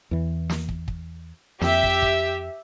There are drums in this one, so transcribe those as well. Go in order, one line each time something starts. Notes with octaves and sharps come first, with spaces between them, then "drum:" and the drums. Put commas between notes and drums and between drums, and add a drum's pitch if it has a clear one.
E2 E3
drum: snare
drum: kick
drum: kick
F2 G4 E5, drum: snare
drum: kick
drum: kick